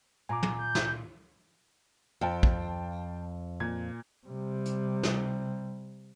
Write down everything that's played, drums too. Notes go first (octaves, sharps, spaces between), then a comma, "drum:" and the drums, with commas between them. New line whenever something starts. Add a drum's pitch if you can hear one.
A#2 G#5 A#5 D6
drum: tom
G6
drum: snare
F2 F5 G5 A5
drum: kick
A#2 G#6
C3 G3
drum: hi-hat
drum: snare